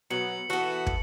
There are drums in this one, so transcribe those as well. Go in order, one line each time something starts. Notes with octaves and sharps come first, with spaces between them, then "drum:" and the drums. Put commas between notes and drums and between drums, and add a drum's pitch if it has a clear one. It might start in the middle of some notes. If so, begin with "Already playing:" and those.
B2 F#3 B3 C#7 F#7
E3 B3 F#4 A4
drum: kick